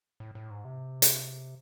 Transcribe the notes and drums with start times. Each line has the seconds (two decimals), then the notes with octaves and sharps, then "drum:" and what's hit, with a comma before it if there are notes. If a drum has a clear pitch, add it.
0.20 A2
0.35 A2
0.50 G#2
0.65 C3
1.02 drum: hi-hat